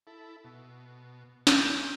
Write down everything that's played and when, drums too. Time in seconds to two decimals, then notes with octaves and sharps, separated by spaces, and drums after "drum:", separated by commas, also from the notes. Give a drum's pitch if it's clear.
0.07 E4 A4
0.44 B2
1.47 G#4 G6, drum: snare